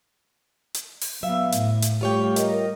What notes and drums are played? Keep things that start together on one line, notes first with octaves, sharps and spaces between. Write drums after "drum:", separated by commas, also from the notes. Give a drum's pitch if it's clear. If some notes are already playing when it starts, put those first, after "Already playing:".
drum: hi-hat
drum: open hi-hat
F#3 B3 E5 F5
A2, drum: hi-hat
drum: hi-hat
G3 A3 F4 G4 C#5 G5
A#4 D#5, drum: hi-hat